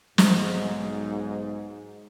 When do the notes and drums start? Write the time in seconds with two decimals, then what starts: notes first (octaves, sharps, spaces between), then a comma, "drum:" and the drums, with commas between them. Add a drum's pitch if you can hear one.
0.18 B1 G#2, drum: snare